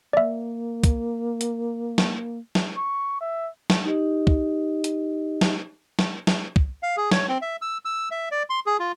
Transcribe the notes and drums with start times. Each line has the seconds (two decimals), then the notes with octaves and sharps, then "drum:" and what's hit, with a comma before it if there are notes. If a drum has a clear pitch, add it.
0.13 A#3 D5 E5
0.84 drum: kick, hi-hat
1.41 drum: hi-hat
1.98 drum: snare
2.55 drum: snare
2.77 C#6
3.21 E5
3.70 drum: snare
3.84 D#4 G4 D#5
4.27 drum: kick
4.84 drum: hi-hat
5.41 drum: snare
5.99 drum: snare
6.27 drum: snare
6.56 drum: kick
6.83 F5
6.97 G#4
7.11 C#5, drum: snare
7.29 C4
7.42 E5
7.62 E6
7.85 E6
8.11 E5
8.31 D5
8.50 C6
8.66 G#4
8.79 F4